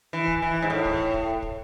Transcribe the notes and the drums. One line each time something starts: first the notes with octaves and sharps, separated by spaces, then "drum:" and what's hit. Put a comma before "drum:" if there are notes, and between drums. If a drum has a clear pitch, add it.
E3
drum: kick
E3
G#2
A2
drum: kick
drum: kick
drum: kick